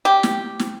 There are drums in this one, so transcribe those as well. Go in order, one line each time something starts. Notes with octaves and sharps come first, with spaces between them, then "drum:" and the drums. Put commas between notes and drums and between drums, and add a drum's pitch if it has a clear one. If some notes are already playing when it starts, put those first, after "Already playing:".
G4
drum: snare
drum: snare